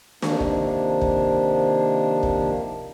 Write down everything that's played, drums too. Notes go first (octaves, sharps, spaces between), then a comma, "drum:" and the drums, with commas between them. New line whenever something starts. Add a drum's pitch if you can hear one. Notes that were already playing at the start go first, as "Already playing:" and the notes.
C3 D#3 F3 A#3 D4, drum: snare
drum: kick
drum: kick
drum: kick